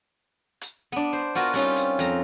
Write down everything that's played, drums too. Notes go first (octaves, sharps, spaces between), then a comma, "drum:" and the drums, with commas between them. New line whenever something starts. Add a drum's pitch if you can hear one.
drum: hi-hat
B3 D4
C5
B3 F4 F#4 A#4
G3 C4 C#4 D#4 F4, drum: hi-hat
drum: hi-hat
F2 A#5, drum: hi-hat